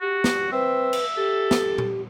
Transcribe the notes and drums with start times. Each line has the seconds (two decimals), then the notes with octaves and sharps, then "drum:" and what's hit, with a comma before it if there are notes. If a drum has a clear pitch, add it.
0.01 F#4 G4
0.24 drum: snare
0.52 C4 B4 E5
0.93 drum: cymbal
1.17 G4 A4
1.51 drum: snare
1.78 drum: tom A#2